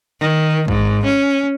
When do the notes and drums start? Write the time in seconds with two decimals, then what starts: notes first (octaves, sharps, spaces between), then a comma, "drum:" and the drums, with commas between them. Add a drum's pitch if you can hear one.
0.21 D#3
0.68 G#2, drum: kick
1.05 C#4